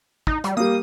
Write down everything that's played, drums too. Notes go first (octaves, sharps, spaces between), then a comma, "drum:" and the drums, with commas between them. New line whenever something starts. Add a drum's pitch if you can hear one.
D#4, drum: kick
G3, drum: hi-hat
G3 A#3 D#6